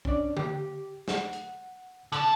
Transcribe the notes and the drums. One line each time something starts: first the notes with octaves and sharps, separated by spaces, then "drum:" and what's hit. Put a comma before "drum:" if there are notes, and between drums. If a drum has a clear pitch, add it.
C#4 D4 D5, drum: kick
G4, drum: tom D3
F#5, drum: snare
drum: hi-hat
D3 A5, drum: hi-hat